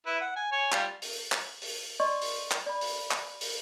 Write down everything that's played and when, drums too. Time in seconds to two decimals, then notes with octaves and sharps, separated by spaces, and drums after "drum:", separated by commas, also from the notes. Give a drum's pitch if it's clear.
0.06 E4 B4
0.21 F#5
0.36 G#5
0.52 C#5 G#5
0.72 G3 F4, drum: clap
1.02 drum: open hi-hat
1.32 drum: clap
1.62 drum: open hi-hat
2.00 D5 D#5 C6 C#6
2.22 drum: open hi-hat
2.51 drum: clap
2.66 D5 B5
2.81 drum: open hi-hat
3.11 drum: clap
3.41 drum: open hi-hat